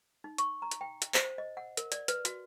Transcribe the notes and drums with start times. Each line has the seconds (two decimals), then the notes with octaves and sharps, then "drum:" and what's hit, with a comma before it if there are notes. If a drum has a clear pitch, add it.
0.24 D#4
0.38 C#6, drum: hi-hat
0.62 A#5
0.71 drum: hi-hat
0.81 G5
1.02 drum: hi-hat
1.14 C5, drum: clap
1.38 D#5
1.57 F#5
1.77 A#4, drum: hi-hat
1.92 D5, drum: hi-hat
2.08 B4, drum: hi-hat
2.25 F#4, drum: hi-hat